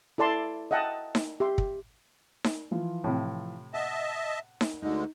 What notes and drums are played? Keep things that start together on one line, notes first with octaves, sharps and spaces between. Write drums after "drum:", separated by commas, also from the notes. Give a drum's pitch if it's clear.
E4 A4 D5 A5 C6
D#5 E5 F#5 G5 A5
drum: snare D#4
G4 E5 C6
drum: kick
drum: snare D#4
E3 F3 F4
A2 C3
D#5 E5 F#5 A5
drum: snare D#4
D2 D3 G#3 D#4